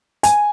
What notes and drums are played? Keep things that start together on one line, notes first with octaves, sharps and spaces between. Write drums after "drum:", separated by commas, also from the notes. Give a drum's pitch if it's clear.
G#5, drum: hi-hat